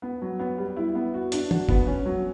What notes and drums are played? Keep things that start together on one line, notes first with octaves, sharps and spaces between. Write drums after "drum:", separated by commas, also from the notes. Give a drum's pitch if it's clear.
B3
F#3
B3
G3
E4
B3
F#4
D4, drum: hi-hat
F#4, drum: tom
B3, drum: kick
C#4
F#3